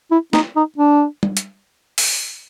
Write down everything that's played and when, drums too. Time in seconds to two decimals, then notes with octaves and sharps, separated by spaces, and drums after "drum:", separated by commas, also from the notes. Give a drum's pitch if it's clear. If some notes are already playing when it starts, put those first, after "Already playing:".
0.11 E4
0.33 D#4, drum: snare
0.56 D#4
0.78 D4
1.23 drum: tom G3
1.37 drum: hi-hat
1.98 drum: open hi-hat